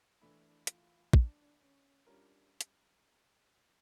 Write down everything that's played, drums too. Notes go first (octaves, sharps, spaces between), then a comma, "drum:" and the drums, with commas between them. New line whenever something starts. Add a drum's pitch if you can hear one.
E3 A3 D4 E4
F4, drum: hi-hat
D4, drum: kick
C#4
G3 C#4 D4 F4 A#4
drum: hi-hat